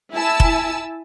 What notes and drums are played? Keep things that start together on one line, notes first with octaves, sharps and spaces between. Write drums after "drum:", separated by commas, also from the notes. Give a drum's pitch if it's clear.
E4 G#5 A5 E6
drum: kick F1